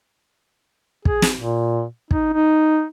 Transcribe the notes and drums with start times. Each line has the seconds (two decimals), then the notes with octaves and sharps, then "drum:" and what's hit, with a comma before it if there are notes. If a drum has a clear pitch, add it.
1.05 G#4, drum: kick
1.22 drum: snare
1.37 A#2
2.11 D#4, drum: kick
2.33 D#4